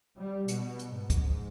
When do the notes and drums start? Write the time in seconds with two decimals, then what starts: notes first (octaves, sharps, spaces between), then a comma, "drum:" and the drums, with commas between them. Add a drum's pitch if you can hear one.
0.18 G3
0.48 B2, drum: hi-hat
0.79 drum: hi-hat
0.94 G#2
1.10 drum: kick C#2, hi-hat